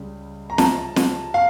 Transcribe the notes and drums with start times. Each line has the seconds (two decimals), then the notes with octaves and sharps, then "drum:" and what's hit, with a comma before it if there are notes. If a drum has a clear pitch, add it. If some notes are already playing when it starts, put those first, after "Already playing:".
Already playing: C#2 C#3 G3
0.50 A#5
0.58 A5, drum: snare
0.96 drum: snare
1.34 F5